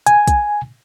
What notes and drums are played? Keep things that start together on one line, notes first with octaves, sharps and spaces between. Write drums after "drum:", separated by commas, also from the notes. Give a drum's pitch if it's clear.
G#5, drum: hi-hat
drum: kick, hi-hat